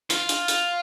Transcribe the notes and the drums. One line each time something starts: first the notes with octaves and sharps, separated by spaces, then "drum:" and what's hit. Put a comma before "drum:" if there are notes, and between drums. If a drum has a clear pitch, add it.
F4, drum: hi-hat
drum: hi-hat
drum: hi-hat